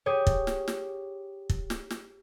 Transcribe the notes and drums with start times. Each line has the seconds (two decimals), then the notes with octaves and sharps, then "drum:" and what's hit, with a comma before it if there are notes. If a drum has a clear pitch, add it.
0.06 G4 G#4 C#5
0.27 drum: kick
0.47 drum: snare
0.68 drum: snare
1.50 drum: kick
1.70 drum: snare
1.90 drum: snare